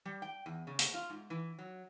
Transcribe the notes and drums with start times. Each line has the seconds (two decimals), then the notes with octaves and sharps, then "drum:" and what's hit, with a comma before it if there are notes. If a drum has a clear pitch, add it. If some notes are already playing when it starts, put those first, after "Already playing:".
0.05 G3
0.22 G5
0.46 E2
0.67 C#3
0.79 drum: hi-hat
0.94 F4
1.10 G#2
1.30 E3
1.59 F#3